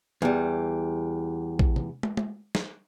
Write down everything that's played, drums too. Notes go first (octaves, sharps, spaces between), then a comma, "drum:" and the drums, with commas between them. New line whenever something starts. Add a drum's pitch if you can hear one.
E2 G3
drum: kick
drum: tom C3
drum: tom
drum: tom
drum: snare